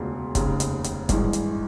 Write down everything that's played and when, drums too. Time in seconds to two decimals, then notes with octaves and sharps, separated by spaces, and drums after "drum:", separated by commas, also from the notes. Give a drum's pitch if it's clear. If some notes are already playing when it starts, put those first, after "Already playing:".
Already playing: E1 D2 C#3 F4
0.35 F1 D#2 C#3, drum: kick, hi-hat
0.60 drum: hi-hat
0.84 drum: hi-hat
1.09 G#1 G2 E3 G#3, drum: kick, hi-hat
1.33 drum: hi-hat